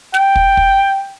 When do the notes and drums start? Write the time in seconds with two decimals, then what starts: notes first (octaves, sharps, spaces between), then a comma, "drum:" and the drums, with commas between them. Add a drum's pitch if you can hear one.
0.14 G5, drum: snare
0.36 drum: kick
0.57 drum: kick